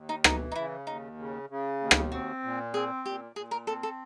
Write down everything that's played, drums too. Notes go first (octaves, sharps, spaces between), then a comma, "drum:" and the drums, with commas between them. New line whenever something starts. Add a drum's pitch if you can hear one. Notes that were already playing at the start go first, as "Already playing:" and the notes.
Already playing: D#2
D#4
E3 D#4, drum: rim click
D#4
C#3 E4
D#2 D#4
C#3
C#3
D#2
drum: rim click
C4 F#4
A#2
C4 G#4
A#2 G4
A#2 G#4
A#4
C4 A4
A4